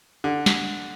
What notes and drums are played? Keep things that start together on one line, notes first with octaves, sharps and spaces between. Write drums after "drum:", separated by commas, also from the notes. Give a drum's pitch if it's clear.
D3
drum: snare